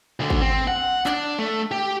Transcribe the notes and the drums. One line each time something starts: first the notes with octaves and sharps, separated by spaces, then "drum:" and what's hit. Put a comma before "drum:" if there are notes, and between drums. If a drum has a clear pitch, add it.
D2 D3
drum: kick G#1
C4
F#5
D4, drum: clap
A3
G4